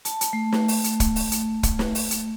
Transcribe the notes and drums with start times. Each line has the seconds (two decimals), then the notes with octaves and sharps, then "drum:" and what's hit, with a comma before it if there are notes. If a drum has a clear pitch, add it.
0.05 A5, drum: hi-hat
0.21 drum: hi-hat
0.33 A3
0.52 drum: snare
0.68 drum: open hi-hat
0.84 drum: hi-hat
1.00 drum: kick, hi-hat
1.16 drum: open hi-hat
1.32 drum: hi-hat
1.63 drum: kick, hi-hat
1.79 drum: snare
1.95 drum: open hi-hat
2.11 drum: hi-hat